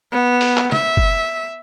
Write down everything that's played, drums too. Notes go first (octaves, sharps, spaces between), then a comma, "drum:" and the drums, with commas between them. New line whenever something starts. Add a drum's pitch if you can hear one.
B3
drum: open hi-hat
drum: clap
E5, drum: snare
drum: kick F#1